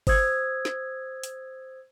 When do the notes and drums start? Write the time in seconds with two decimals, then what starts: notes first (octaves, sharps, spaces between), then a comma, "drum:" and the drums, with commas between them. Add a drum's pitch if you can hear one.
0.07 C5 D#6 E6 G#6, drum: kick G1, open hi-hat
0.65 drum: snare
1.23 drum: hi-hat